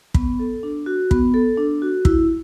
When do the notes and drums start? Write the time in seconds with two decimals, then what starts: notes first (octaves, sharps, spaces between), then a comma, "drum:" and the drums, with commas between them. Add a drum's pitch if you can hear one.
0.14 B3, drum: kick
0.39 A4
0.63 D4
0.86 F#4
1.11 B3, drum: kick
1.34 A4
1.57 D4
1.82 F#4
2.05 E4, drum: kick